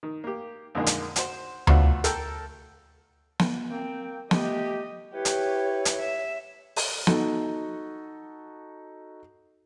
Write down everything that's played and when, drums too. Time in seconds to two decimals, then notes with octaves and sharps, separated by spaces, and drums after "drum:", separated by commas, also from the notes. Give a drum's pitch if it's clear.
0.03 D#3
0.24 A#3 G4
0.75 F2 A#2 D3 D#3 G#3 A#3
0.86 drum: hi-hat
1.16 F#4 C5, drum: hi-hat
1.67 A3 B3 C4 D4 F4 F#4, drum: tom D2
2.04 A4 A#4 G5, drum: hi-hat
3.40 drum: snare
3.70 A#3 C4 G5
4.31 A3 G4 D#5, drum: snare
5.13 E4 G4 B4 C#5
5.25 drum: hi-hat
5.85 drum: hi-hat
5.99 E5
6.76 drum: open hi-hat
7.07 D#4 F#4 A4, drum: snare